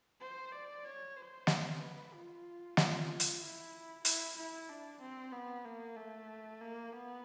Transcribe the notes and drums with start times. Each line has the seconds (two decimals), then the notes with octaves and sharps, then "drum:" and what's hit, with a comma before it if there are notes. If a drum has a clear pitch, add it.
0.21 C5
0.52 D5
0.84 C#5
1.17 C5
1.47 drum: snare
1.81 B4
2.12 F4
2.77 F4, drum: snare
3.20 drum: hi-hat
3.41 E4
4.05 E4, drum: hi-hat
4.36 E4
4.69 D4
5.01 C4
5.32 B3
5.64 A#3
5.96 A3
6.61 A#3
6.93 B3